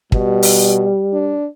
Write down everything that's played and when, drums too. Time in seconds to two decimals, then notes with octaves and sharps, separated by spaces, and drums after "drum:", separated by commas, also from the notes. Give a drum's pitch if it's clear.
0.12 B2 G3, drum: kick
0.43 drum: open hi-hat
1.13 D4